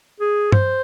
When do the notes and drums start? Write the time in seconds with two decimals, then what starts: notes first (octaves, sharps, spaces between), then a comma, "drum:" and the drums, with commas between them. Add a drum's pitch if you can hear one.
0.20 G#4
0.52 C5, drum: tom